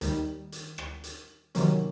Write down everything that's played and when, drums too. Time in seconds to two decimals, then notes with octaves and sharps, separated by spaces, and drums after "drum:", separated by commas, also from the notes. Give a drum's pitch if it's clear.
0.01 D#2 D#3 G3, drum: hi-hat
0.52 drum: hi-hat
0.78 drum: rim click
1.04 drum: hi-hat
1.55 C3 D#3 F#3 A#3 C#4, drum: hi-hat